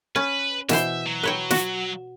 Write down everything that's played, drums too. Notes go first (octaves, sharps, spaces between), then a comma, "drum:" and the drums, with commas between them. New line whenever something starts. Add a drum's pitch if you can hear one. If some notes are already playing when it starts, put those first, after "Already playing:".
C#4 B4
B2 E3 C5 E5, drum: snare
F#3
B4 C#5 G5
F#4, drum: snare